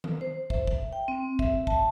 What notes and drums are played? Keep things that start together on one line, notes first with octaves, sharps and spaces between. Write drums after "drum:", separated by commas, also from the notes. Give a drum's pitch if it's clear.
drum: tom D#3
C5
E5, drum: kick
drum: kick
G5
C4
E5, drum: kick
A5, drum: kick